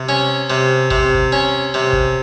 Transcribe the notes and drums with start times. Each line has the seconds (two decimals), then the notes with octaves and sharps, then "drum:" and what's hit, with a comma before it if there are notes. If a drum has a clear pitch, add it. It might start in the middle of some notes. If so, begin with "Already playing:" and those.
Already playing: C3
0.09 C#4
0.50 C3
0.91 C3, drum: kick
1.15 drum: kick
1.32 C#4
1.74 C3
1.93 drum: kick